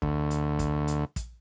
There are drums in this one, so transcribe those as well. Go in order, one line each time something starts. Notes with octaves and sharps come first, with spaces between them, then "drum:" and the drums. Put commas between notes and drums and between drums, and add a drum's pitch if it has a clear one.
D2, drum: kick
drum: hi-hat
drum: kick, hi-hat
drum: hi-hat
drum: kick, hi-hat